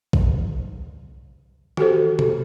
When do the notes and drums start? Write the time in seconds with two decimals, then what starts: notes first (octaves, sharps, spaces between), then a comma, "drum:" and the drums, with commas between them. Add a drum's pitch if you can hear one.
0.13 drum: kick A#1
1.77 F#4 G4 A4 C5, drum: tom D#3
2.19 drum: tom C3